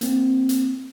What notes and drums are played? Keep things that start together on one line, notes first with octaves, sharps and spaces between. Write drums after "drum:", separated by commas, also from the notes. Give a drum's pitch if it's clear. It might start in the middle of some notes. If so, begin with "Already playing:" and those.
A#3 C4, drum: hi-hat
drum: hi-hat